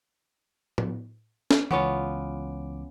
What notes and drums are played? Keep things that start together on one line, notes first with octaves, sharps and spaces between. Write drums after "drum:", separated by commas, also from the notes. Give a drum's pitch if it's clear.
drum: tom
drum: snare
C#2 E3 B3 C#4 F4 D6, drum: tom E3